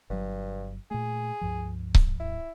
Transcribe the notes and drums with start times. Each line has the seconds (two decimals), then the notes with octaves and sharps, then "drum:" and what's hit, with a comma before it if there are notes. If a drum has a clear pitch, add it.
0.10 G1 G2 F#3
0.91 A#2 A3 G#4
1.41 C#2 G2 F3
1.95 drum: kick C#1
2.20 E4